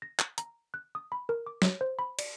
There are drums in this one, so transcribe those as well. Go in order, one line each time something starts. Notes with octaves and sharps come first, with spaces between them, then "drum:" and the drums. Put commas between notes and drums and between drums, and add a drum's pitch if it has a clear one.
A#6
F#6, drum: clap
A#5, drum: hi-hat
F#6
D#6
B5
A#4
D6
C#5, drum: snare
C5
B5
D5, drum: cymbal